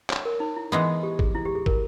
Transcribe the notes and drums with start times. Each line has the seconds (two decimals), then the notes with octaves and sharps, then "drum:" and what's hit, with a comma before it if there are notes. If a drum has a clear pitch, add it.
0.10 C#5, drum: clap
0.25 A#4
0.40 D#4
0.56 E4
0.72 E3 G#3 B3
1.03 G4
1.19 G#4, drum: kick
1.35 E4
1.45 G4
1.55 G#4
1.66 A#4, drum: kick